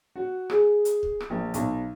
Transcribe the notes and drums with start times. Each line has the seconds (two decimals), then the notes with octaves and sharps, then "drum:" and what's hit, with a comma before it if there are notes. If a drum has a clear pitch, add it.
0.16 F#4
0.50 G#4, drum: rim click
0.85 drum: hi-hat
1.03 drum: kick
1.20 drum: rim click
1.30 A#1
1.54 B1, drum: hi-hat